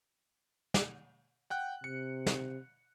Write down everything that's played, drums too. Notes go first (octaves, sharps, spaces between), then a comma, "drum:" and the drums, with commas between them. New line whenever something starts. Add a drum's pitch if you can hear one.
drum: snare
F#5 G5 F#6
C3 C#7
drum: snare